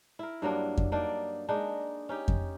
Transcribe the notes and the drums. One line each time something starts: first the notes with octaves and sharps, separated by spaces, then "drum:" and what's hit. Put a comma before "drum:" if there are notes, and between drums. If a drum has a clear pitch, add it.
E4 A#4
G2 F#3 A#3 D4
drum: kick F2
A#3 D4 D#4 D5
G#3 D4 D#4
C#4 D#4 G4
drum: kick F2